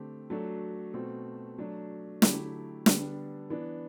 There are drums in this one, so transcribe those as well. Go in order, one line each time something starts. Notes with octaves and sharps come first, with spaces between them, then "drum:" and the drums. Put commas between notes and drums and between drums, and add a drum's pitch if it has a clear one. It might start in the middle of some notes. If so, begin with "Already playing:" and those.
Already playing: D3 A3 C4 G4
F#3 A3 D4 F#4 A4
B2 A3 C4 F#4 A4
F#3 A3 D4
D3 F#3 A3 E4 G4, drum: snare
D3 G3 B3 D4, drum: snare
E3 B3 D4